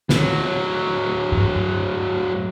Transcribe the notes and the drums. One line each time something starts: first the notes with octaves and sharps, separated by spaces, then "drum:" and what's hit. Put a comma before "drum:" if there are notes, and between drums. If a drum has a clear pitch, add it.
A2 F#3, drum: snare
drum: tom G2